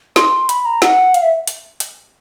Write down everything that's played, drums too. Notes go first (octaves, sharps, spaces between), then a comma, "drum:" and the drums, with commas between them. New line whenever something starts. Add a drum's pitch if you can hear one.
C6, drum: snare
B5, drum: hi-hat
A#5
F#5, drum: snare
F5, drum: hi-hat
E5
drum: hi-hat
drum: hi-hat